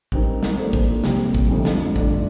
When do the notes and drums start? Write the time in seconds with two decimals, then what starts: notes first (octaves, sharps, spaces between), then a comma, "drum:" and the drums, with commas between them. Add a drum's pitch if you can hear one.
0.12 G3 C4 D#4 A#4, drum: kick
0.43 drum: snare
0.58 F3 A#3 D4 A4 C5
0.73 drum: kick
1.04 F2 C3 G3 A#3, drum: snare
1.34 drum: kick
1.50 F2 D3 F3 A3 D#4
1.65 drum: snare
1.96 G2 D3 A3 D4 F4, drum: kick